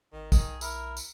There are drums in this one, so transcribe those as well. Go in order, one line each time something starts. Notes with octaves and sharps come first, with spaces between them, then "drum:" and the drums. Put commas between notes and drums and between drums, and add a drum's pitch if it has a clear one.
G#1 D#3
B1 D#3 G#4, drum: kick, tambourine
E4 A#4, drum: tambourine
drum: tambourine